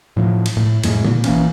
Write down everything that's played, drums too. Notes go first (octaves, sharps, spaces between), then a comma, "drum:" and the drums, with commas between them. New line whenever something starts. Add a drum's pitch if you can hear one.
A2 F3
drum: cymbal
A2
F2 A2 G#3, drum: cymbal
A#2, drum: tom D3
A#1 E3 A#3 C#4, drum: cymbal